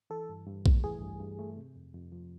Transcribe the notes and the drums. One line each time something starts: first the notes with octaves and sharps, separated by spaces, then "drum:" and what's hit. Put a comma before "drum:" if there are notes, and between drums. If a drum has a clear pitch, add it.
E3 A4
G2
G2
A3, drum: kick A#1
E3 G#4
G2
G2
A3
C3
F2
F2
F3